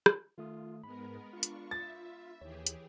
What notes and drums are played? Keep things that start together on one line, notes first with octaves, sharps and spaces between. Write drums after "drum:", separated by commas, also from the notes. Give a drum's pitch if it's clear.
drum: rim click
D#3 A3 F4 D#6
G#2 G#3 B3 A#4 B5
D4 F4 C#6
drum: hi-hat
E5 A6
D#2 E3 G4 G#4 C#5
drum: hi-hat